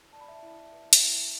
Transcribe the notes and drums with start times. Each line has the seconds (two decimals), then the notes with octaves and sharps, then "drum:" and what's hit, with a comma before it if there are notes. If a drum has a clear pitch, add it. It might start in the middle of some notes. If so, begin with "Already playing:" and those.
Already playing: E4
0.13 D5 A5
0.20 B5
0.28 E5 A5
0.42 E4
0.73 B4
0.93 drum: hi-hat
1.03 E4